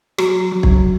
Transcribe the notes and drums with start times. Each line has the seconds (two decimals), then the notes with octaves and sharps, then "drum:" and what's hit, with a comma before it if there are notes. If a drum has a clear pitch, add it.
0.18 F#3, drum: rim click
0.52 F#3
0.63 drum: kick